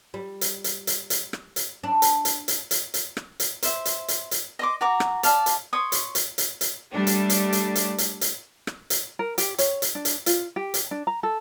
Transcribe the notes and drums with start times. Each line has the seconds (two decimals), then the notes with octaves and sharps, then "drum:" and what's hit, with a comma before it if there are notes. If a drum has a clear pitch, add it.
0.14 G3
0.41 drum: hi-hat
0.64 drum: hi-hat
0.87 drum: hi-hat
1.10 drum: hi-hat
1.33 drum: rim click
1.56 drum: hi-hat
1.84 D4
2.02 drum: hi-hat
2.25 drum: hi-hat
2.48 drum: hi-hat
2.71 drum: hi-hat
2.94 drum: hi-hat
3.17 drum: rim click
3.40 drum: hi-hat
3.63 C5 E5, drum: hi-hat
3.85 drum: hi-hat
4.08 drum: hi-hat
4.31 drum: hi-hat
4.59 D#5 C6 D6
4.81 F#4 A#5 D6
5.00 drum: rim click
5.23 D5 F5 A5, drum: hi-hat
5.46 drum: hi-hat
5.73 C#5 C6 D#6
5.92 drum: hi-hat
6.15 drum: hi-hat
6.38 drum: hi-hat
6.61 drum: hi-hat
6.91 G3 A3 D4
7.07 drum: hi-hat
7.30 drum: hi-hat
7.53 drum: hi-hat
7.75 drum: hi-hat
7.98 drum: hi-hat
8.21 drum: hi-hat
8.67 drum: rim click
8.90 drum: hi-hat
9.19 A#4
9.38 G4, drum: hi-hat
9.58 C#5, drum: hi-hat
9.82 drum: hi-hat
9.95 D4
10.05 drum: hi-hat
10.26 F4, drum: hi-hat
10.56 G4
10.74 drum: hi-hat
10.91 D4
11.07 A#5
11.23 A4